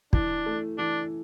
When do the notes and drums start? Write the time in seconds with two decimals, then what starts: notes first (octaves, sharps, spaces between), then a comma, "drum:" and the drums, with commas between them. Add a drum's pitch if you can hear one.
0.13 E3 D4, drum: kick
0.46 A3
0.78 E3 D4